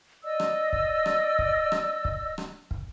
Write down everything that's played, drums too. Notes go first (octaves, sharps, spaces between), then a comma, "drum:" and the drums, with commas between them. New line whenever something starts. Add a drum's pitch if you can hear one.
D5 D#5 E6
drum: rim click
drum: kick
drum: rim click
drum: kick
drum: rim click
drum: kick
drum: rim click
drum: kick